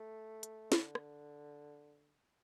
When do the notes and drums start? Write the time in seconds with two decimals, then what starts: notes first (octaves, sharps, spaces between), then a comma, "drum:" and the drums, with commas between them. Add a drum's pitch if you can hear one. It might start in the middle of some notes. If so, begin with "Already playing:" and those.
Already playing: A3
0.43 drum: hi-hat
0.72 D3, drum: snare
0.95 drum: rim click